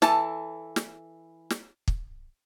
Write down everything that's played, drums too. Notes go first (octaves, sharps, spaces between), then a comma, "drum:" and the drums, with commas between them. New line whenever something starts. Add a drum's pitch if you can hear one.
E3 A4 A5, drum: snare
drum: snare
drum: snare
drum: kick